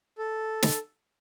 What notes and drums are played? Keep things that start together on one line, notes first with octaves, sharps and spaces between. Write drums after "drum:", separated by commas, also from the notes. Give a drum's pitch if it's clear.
A4
drum: snare